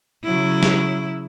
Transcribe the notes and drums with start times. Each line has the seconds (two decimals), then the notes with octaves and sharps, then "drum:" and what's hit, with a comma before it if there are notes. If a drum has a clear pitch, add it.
0.24 C#3 F#3 E4
0.63 drum: snare